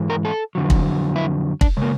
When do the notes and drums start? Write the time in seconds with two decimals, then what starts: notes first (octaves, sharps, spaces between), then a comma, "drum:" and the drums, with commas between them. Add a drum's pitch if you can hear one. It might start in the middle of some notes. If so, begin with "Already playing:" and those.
Already playing: G#2 E3 G#3
0.10 A#4
0.25 A4
0.55 F2 D3 F#3
0.70 drum: kick
1.16 E4
1.61 D4, drum: kick
1.77 C#3 G#3 A#3